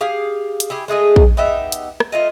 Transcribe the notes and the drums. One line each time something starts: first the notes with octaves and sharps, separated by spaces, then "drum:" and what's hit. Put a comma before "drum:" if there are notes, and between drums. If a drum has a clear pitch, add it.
G4 G#4 F5
drum: hi-hat
E4 G4 G#4
G#3 A3 G#4 D#5
drum: kick
B3 D#4 G4 E5
drum: hi-hat
drum: rim click
A3 F4 D#5